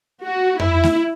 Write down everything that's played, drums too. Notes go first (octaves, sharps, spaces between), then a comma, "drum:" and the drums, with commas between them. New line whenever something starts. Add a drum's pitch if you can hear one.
F#4
E4, drum: tom F2
drum: snare A3